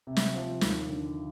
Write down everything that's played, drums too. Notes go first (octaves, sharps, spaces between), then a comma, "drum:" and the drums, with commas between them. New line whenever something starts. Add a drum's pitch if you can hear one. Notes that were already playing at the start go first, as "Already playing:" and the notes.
C3
drum: snare
F3
D#2, drum: snare
D3